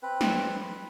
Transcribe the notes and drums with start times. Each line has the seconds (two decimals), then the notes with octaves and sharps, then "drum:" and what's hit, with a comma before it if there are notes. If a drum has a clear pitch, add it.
0.03 C4 B4
0.21 drum: snare